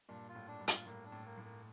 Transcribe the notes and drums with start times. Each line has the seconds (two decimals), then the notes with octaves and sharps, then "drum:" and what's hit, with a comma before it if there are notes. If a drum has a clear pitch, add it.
0.09 G2 A#2 D4
0.29 F4
0.35 A2
0.47 D4
0.61 G2
0.68 F4, drum: hi-hat
0.87 A2 A#3
1.05 D4
1.12 A2
1.25 A#3
1.37 A2
1.44 A#3